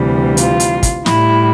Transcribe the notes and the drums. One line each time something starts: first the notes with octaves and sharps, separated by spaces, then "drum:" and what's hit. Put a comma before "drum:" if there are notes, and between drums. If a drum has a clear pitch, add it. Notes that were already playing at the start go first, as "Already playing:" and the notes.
Already playing: D2 C3 E3 G3
F4, drum: hi-hat
drum: hi-hat
drum: kick, hi-hat
A2 G3 E4, drum: snare